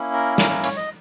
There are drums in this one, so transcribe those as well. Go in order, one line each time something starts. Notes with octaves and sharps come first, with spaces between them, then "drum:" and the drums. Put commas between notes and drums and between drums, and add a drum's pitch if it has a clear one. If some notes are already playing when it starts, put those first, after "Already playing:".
Already playing: A#3 C#4 E4
A#4
A#4, drum: snare
A#4
C#5, drum: hi-hat
D#5